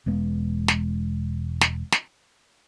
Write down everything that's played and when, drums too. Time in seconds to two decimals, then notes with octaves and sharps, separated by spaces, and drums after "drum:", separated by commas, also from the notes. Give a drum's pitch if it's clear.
0.06 E1 G#3 B3
0.68 drum: snare
1.61 drum: snare
1.92 drum: snare